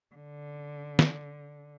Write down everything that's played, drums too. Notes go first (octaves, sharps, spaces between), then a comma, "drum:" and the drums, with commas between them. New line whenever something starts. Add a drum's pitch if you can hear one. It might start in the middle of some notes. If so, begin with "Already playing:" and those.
D3
drum: snare